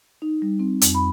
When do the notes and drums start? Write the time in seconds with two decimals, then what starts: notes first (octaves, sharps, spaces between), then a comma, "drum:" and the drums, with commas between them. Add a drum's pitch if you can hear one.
0.22 D#4
0.42 G3
0.59 C4
0.81 F2, drum: hi-hat
0.95 B5